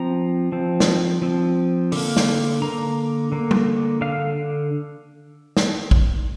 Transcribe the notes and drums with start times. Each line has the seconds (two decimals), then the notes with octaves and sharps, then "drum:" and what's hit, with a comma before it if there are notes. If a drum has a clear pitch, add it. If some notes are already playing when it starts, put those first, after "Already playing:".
Already playing: F3 C4 A#5
0.52 F3 C4
0.80 drum: snare
1.22 F3 C4
1.92 D3 A#3, drum: open hi-hat
2.17 drum: snare
2.62 D3 A#3 A#5
3.32 D3 A#3
3.51 drum: tom G3
4.01 D3 F5
5.57 drum: snare
5.91 drum: kick